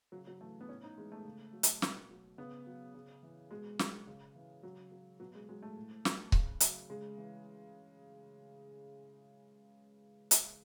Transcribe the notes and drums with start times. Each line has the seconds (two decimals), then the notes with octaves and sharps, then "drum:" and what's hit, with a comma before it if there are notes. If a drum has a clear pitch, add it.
0.12 C#3 F#3
0.27 F#3
0.41 E3 A3
0.61 B3
0.68 A2 C#4
0.84 D#4
0.98 E3 G#3
1.12 A3
1.25 C#3
1.53 F#3
1.63 drum: hi-hat
1.82 B2, drum: snare
2.11 F#3
2.38 C#3 B3
2.67 F#3
2.95 C#3
3.23 E3
3.51 B2 G#3
3.79 F#3, drum: snare
4.07 C#3
4.35 E3
4.63 C#3 F#3
4.92 F#3
5.20 B2 F#3
5.35 G#3
5.49 F#3 G#3
5.63 A3
5.76 A2
6.05 F#3, drum: snare
6.32 C#3, drum: kick C#1
6.60 F#3, drum: hi-hat
6.90 C#3 G#3
7.18 E3
10.31 drum: hi-hat